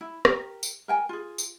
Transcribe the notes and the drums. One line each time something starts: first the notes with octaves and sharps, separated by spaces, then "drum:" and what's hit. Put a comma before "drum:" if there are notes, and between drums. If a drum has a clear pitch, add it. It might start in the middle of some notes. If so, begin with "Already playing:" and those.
E4
G4 A#4, drum: rim click
drum: tambourine
A#4 G5 G#5
F4 G#4
drum: tambourine